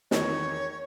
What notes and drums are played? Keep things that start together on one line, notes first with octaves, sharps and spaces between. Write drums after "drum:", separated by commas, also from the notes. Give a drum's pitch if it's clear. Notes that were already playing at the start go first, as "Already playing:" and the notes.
E2 D#3 C#5, drum: snare